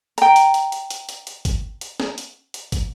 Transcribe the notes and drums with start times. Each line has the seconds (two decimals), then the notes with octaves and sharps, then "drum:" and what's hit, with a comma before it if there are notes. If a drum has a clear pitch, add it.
0.18 G5 A#5, drum: hi-hat
0.36 drum: hi-hat
0.54 drum: hi-hat
0.72 drum: hi-hat
0.90 drum: hi-hat
1.09 drum: hi-hat
1.27 drum: hi-hat
1.45 drum: kick, hi-hat
1.81 drum: hi-hat
2.00 drum: snare
2.18 drum: hi-hat
2.54 drum: hi-hat
2.72 drum: kick, hi-hat